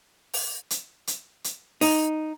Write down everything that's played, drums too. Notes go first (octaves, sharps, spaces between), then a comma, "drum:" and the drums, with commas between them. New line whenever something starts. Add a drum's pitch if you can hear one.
drum: open hi-hat
drum: hi-hat
drum: hi-hat
drum: hi-hat
D#4, drum: open hi-hat